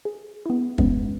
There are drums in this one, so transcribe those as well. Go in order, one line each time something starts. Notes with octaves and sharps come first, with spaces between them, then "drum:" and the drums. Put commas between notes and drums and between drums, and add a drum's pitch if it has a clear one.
G#4
B3 E4
F#2 E3 G#3 B3 C#4, drum: kick